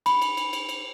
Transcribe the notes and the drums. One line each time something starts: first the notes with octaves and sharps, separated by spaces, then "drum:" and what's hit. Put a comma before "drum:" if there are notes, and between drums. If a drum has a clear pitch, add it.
B5, drum: cymbal
drum: cymbal
drum: cymbal
drum: cymbal
drum: cymbal